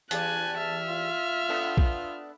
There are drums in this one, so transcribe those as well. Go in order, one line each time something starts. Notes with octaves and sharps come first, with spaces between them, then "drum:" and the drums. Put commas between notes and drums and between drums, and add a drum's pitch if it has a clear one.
E2 G4 D5 G#5 A5 F#6, drum: hi-hat
E5 F6
F4
B3 D4 A4
drum: kick A#1